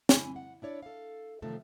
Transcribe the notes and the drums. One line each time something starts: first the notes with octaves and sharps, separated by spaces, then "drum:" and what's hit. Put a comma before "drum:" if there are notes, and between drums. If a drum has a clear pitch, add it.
E4 G#5, drum: snare
F#5
D4 E4 C#5 D5
A4 F5
C3 D#3 F3 F#3 A3 A4